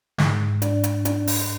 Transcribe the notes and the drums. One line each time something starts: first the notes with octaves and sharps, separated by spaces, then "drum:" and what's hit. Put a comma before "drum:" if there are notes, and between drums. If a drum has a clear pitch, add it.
G#2, drum: snare
D4, drum: hi-hat
drum: hi-hat
D4, drum: hi-hat
drum: open hi-hat